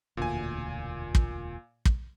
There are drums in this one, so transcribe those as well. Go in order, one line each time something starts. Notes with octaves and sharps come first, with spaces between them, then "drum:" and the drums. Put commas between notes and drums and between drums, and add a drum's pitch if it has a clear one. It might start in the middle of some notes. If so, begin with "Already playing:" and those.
E1 D2 A#2 G#5
drum: kick
drum: kick